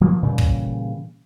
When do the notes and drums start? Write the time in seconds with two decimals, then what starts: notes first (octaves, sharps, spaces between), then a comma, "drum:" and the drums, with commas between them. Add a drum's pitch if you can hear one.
0.01 F3 F#3 A#3
0.23 A#2 C#3 E3 G3
0.38 drum: kick